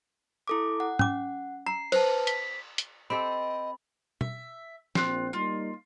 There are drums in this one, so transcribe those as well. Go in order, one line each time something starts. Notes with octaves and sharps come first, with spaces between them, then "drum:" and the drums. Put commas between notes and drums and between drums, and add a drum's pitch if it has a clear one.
E4 A4 D6
F#5
C#4 D6, drum: tom
A#5 C7
B4 C5 A5, drum: cymbal
B6, drum: hi-hat
drum: hi-hat
C4 G4 A4 D#5 B5
E5, drum: tom
A#1 C4 F4 F#6, drum: snare
G3 A#3 D#4 F4